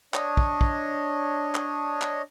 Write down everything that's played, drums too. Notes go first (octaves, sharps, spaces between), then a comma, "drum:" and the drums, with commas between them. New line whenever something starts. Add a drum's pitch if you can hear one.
D4 C#5 D#5, drum: clap
drum: kick
drum: kick
drum: clap
drum: clap